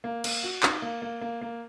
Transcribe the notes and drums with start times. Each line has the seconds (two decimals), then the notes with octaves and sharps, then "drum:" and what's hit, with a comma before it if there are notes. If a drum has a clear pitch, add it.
0.04 A#3
0.24 A#3, drum: cymbal
0.43 F#4
0.63 D#4, drum: clap
0.82 A#3
1.02 A#3
1.21 A#3
1.41 A#3